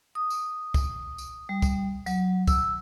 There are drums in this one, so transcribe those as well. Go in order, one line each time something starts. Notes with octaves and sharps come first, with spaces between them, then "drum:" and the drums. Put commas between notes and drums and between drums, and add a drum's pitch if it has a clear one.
D#6
drum: tambourine
drum: kick C2, tambourine
drum: tambourine
G3
drum: kick C2, tambourine
F#3, drum: tambourine
E6, drum: kick C2, tambourine